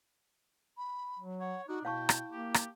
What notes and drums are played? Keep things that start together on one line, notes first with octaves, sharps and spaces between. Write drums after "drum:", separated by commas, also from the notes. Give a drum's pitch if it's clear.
B5
F#3
C#5 F#5
D4 D#4 F#4
B2 E4 F5 G5 A5 C#6
drum: rim click
A#3 G4
drum: rim click